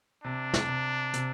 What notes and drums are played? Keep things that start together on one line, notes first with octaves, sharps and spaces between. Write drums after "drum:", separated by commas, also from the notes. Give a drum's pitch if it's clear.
C3 D4
drum: snare
C3
C3, drum: hi-hat